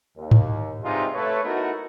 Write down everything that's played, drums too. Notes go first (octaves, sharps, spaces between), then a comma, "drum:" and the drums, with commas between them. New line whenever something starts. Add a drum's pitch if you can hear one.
D#2
drum: tom G#2
G2 C3 G#3 C4 D#4 F4
A3 B4 C#5
A3 B3 D#4 E4 F#4 A#4